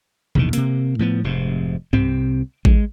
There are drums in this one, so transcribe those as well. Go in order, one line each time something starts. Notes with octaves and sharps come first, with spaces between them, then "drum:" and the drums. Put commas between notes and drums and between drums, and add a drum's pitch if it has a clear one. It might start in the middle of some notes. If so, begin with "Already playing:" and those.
A#1 E2 D#3, drum: tom B2
C3 A#3, drum: hi-hat
A2 F3 B3
F1 G#2 C3
C2 C3 C4, drum: tom G2
G#3, drum: kick A1